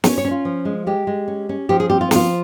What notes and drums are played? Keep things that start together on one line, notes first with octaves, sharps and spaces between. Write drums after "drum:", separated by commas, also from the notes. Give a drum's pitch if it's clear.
C#4 C#5, drum: snare
C#5
C#4
F4
F3
G#3
G#3 G4
G#3
C#4
C#4
F3 G4
G#4
C4 G4
F4
F3 F4, drum: snare